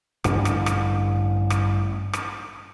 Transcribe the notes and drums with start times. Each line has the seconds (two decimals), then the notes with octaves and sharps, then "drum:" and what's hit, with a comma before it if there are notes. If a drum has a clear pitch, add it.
0.24 A1 G2 D3 D4, drum: rim click
0.45 drum: rim click
0.66 drum: rim click
1.50 drum: rim click
2.13 drum: rim click